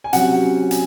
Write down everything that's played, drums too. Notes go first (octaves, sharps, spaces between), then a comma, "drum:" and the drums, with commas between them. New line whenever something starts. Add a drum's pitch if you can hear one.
G#5
C3 F#3 C#4 F#5, drum: hi-hat
G#5, drum: hi-hat